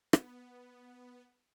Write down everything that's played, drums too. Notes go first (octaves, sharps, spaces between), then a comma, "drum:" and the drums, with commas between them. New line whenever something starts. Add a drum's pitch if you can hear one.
B3, drum: rim click